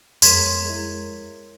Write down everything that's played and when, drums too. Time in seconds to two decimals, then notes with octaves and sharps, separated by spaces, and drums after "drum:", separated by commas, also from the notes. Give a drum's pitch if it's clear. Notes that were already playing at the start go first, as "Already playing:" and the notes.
0.22 F2 G#3 B3 A#4 C#5 C6 G#6 B6, drum: tambourine
0.65 G#3 E4 A#4